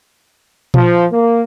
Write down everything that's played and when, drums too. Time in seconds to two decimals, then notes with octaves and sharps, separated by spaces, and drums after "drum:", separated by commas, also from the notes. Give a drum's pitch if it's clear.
0.74 F3, drum: tom A#2
1.11 A#3